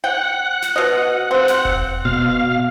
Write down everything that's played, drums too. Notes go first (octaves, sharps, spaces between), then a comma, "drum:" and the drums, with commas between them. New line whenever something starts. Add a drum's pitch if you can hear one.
F#5 G5
drum: snare
B2 D#5
C#3 C4
drum: snare
drum: kick E1
B2 F5